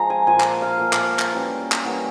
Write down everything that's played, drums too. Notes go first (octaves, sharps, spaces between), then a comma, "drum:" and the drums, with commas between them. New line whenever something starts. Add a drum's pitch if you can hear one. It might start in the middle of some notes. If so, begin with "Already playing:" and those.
Already playing: F3 G#3 A#5
G#5
A#2 F3 A#3 G#5
drum: clap
F5
A#2 F3 A#3
drum: clap
drum: clap
E3 G3 A#3 C#4
drum: clap
E3 G3 A#3 C#4 F#5